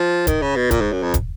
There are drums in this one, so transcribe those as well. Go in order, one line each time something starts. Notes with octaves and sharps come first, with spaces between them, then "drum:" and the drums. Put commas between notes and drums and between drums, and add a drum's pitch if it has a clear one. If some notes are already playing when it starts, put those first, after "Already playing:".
Already playing: F3
D#3, drum: kick, hi-hat
C#3
B2
A#2, drum: kick, hi-hat
G#2
F#2
F2
drum: kick, hi-hat